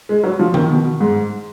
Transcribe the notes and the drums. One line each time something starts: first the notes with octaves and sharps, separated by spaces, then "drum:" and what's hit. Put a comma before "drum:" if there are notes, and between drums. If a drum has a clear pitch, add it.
G#3
F#3
F3
D#3, drum: tom D#3
B2
G#2